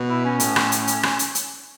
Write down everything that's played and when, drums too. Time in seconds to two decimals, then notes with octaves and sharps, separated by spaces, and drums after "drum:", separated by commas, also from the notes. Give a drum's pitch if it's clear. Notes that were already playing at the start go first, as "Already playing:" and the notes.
Already playing: B2
0.09 E4
0.25 C#4
0.40 A2, drum: hi-hat
0.56 drum: rim click
0.72 drum: hi-hat
0.88 drum: hi-hat
1.03 drum: rim click
1.19 drum: hi-hat
1.35 drum: hi-hat